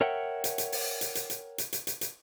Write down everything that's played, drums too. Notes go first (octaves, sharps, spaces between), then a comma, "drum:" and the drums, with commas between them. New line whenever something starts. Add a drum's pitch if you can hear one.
A#4 C#5 E5 F#5 G5
drum: hi-hat
drum: hi-hat
drum: open hi-hat
drum: hi-hat
drum: hi-hat
drum: hi-hat
drum: hi-hat
drum: hi-hat
drum: hi-hat
drum: hi-hat